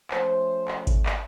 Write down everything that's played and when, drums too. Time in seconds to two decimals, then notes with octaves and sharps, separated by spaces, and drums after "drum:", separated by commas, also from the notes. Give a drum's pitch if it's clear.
0.11 F3 A3 C#4 C5, drum: clap
0.68 drum: clap
0.87 drum: kick G#1, hi-hat
1.06 drum: clap